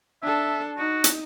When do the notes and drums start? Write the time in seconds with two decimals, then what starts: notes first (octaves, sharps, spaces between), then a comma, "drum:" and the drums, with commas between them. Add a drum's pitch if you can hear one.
0.23 D4 A4 E5
0.78 D#4 F#4
1.04 drum: hi-hat